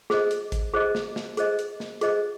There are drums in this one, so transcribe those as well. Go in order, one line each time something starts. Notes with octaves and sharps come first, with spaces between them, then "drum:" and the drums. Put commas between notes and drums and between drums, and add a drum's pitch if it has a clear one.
G#4 C5 D#5, drum: snare
drum: hi-hat
drum: kick, hi-hat
G#4 C5 D#5
drum: snare
drum: snare
G#4 C5 D#5, drum: hi-hat
drum: hi-hat
drum: snare
G#4 C5 D#5, drum: hi-hat